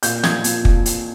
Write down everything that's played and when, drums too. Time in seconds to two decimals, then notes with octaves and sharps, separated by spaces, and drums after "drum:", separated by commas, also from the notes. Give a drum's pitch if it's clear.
0.03 A#2 G6, drum: hi-hat
0.24 F3 G#6, drum: snare
0.44 A#2, drum: hi-hat
0.65 drum: kick
0.86 drum: hi-hat